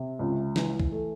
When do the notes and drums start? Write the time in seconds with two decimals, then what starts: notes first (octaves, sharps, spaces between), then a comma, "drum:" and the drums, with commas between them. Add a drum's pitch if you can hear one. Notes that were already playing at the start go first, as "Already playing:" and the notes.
Already playing: C3
0.19 C#2
0.56 E3, drum: snare
0.80 drum: kick
0.92 A3